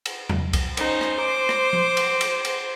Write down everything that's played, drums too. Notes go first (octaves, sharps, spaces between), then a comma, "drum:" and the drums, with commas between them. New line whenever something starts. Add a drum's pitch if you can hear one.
drum: cymbal
drum: tom
drum: kick C2, cymbal
C#4 D#4 C5, drum: cymbal
drum: rim click
D6
drum: rim click
drum: tom F3
drum: cymbal
drum: cymbal
drum: cymbal